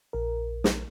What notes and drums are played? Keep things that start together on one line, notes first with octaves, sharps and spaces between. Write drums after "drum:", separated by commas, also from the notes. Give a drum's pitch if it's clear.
A#1 A#4
drum: snare